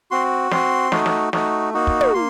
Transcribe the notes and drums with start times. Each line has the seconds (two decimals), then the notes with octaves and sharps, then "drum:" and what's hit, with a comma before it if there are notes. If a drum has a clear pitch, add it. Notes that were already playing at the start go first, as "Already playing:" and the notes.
0.11 C4 F#4 C6
0.51 C4 F#4 C6, drum: snare
0.92 A3 D#4 F#4, drum: snare
1.06 drum: snare
1.33 A3 D#4 F#4, drum: snare
1.74 A#3 D#4 F#4
1.87 drum: kick
2.01 drum: tom
2.14 A#3 C6